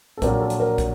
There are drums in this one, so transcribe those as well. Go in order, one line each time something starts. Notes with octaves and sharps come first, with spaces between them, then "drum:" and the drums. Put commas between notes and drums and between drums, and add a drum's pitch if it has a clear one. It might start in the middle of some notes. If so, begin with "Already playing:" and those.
A4
A#1 A#2 F#3 A#4, drum: kick, hi-hat
A4
drum: hi-hat
A#4
drum: kick, hi-hat